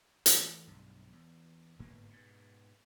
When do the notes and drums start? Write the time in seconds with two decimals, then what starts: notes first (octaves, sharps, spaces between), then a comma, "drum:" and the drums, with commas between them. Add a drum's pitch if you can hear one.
0.26 E3 A3, drum: hi-hat
0.68 B1 G2
1.13 E2
1.79 G1 G#2 A#3 B3
2.10 G#2 B2